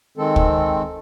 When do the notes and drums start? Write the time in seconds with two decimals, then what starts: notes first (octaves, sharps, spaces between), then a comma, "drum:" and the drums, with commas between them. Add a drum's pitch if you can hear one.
0.18 D#3 G#3 C4 A4
0.36 drum: kick